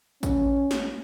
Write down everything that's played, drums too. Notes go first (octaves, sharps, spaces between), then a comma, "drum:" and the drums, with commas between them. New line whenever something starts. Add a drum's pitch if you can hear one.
C#4, drum: kick, tambourine
drum: snare